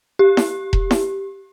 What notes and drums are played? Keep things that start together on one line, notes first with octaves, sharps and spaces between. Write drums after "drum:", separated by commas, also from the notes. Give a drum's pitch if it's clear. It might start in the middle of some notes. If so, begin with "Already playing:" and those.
G4
drum: snare E4
drum: kick E1
drum: snare E4